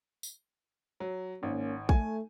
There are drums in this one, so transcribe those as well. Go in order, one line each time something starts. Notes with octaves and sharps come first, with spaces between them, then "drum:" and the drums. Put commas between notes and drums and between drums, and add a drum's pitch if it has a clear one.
drum: tambourine
F#3
G#1 A#3 C#4
A3 G#5, drum: kick